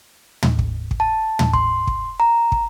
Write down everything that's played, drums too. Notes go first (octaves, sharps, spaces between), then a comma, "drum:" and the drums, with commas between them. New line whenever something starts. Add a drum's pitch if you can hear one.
drum: tom
drum: kick
drum: kick
A5
drum: tom
C6, drum: kick
drum: kick
A#5
drum: kick